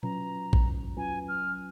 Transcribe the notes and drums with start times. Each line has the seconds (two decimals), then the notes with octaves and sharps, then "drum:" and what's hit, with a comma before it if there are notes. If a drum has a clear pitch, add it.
0.03 F#3 C#4 F4 B4 A#5, drum: tom A#2
0.53 drum: kick
0.97 F#3 C#4 F4 B4 G#5
1.28 F6